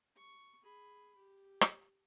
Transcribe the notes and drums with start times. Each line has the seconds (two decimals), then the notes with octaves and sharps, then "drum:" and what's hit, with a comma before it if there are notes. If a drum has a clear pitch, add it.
0.16 C#6
0.62 G#4 B5
1.16 G4
1.61 drum: rim click